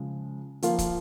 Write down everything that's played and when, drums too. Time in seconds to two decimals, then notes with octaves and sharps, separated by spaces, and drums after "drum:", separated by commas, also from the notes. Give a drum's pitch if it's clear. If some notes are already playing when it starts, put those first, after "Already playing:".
Already playing: C#3 F3 G#3
0.62 F3 A#3 F4, drum: hi-hat
0.79 drum: kick, hi-hat